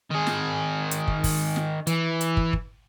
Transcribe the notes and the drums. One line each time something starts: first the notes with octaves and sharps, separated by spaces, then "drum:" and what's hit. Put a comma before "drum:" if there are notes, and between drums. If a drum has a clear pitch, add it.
D#3 G#4
drum: snare
drum: hi-hat
drum: kick
drum: kick, open hi-hat
drum: snare
E3, drum: hi-hat
drum: hi-hat
drum: kick
drum: kick